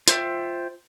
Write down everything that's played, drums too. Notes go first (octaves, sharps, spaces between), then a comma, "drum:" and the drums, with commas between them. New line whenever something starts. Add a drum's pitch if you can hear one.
F4 C5 E5 G5, drum: hi-hat